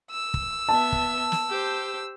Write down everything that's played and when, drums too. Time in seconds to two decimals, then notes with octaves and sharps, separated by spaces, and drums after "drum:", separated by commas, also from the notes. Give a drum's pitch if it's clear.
0.11 E6
0.34 drum: kick
0.69 B3 E5 A5
0.92 drum: kick
1.32 drum: snare
1.49 G4 C5